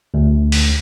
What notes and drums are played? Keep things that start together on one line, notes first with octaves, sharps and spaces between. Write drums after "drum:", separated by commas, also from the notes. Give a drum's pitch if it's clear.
D2
drum: open hi-hat